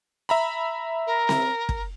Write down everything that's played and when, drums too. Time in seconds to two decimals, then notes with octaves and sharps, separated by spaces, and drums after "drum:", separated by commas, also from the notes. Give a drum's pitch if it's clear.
0.29 E5 A#5 B5
1.07 A#4
1.29 drum: snare C4
1.69 drum: kick